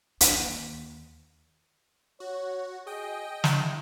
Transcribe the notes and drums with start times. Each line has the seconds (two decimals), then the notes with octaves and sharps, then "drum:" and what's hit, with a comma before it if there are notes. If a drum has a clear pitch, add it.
0.21 D#2, drum: hi-hat
2.20 F#4 C#5
2.87 G#4 D#5 G5
3.44 E4, drum: snare